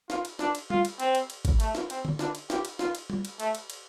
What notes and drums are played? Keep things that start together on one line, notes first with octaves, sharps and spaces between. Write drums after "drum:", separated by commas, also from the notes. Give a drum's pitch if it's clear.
F4, drum: snare
drum: cymbal
D4, drum: snare
drum: cymbal
F4, drum: tom
drum: cymbal
C4, drum: cymbal
drum: cymbal
drum: cymbal
drum: kick G#1, cymbal
A3, drum: cymbal
drum: snare
C4, drum: cymbal
drum: tom D3
D4, drum: snare
drum: cymbal
G4, drum: snare
drum: cymbal
F4, drum: snare
drum: cymbal
drum: tom
drum: cymbal
A3, drum: cymbal
drum: cymbal
drum: cymbal